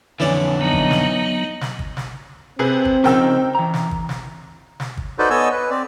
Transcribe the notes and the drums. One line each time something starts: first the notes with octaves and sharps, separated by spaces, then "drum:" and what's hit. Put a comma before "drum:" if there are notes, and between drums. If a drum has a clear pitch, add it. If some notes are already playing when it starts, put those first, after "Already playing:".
F2 D3 E3 C#4 D5
F#3 B3 D#4 D#5
drum: kick
drum: snare
drum: snare
drum: kick
drum: snare
C3 C4 G#4 B4
drum: kick
C#3 F3 D#4 A#4 G5 E6, drum: snare
E3 A#5
drum: snare
drum: kick
drum: snare
drum: snare
drum: kick
D#4 F#4 A4 B4 C5 D5
B3 A4 C#5 D#5 G#5 E6
B4
C4 D5